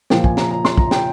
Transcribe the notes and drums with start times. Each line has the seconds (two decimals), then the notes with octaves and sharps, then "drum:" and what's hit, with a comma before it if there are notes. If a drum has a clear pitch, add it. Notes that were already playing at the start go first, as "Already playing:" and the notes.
0.10 A#2 F3 A#3 G5, drum: snare
0.24 G#5, drum: kick
0.37 A#5, drum: snare
0.51 A#5
0.65 C6, drum: snare
0.78 A#5, drum: kick
0.91 G5, drum: snare